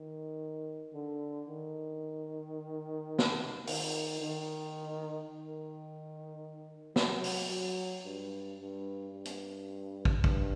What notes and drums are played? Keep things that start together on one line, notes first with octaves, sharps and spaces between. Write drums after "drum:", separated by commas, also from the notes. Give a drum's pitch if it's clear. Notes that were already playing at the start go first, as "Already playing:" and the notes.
Already playing: D#3
D3
D#3
drum: snare
D#3, drum: open hi-hat
D#3
D#3
F#3, drum: snare
drum: open hi-hat
F#3
G2
G2
G2
drum: hi-hat
drum: kick
G2, drum: kick